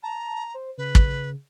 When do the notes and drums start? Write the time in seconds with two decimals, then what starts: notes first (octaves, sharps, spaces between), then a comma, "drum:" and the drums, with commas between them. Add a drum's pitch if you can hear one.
0.03 A5 A#5
0.54 C5
0.78 C#3 B4
0.95 drum: kick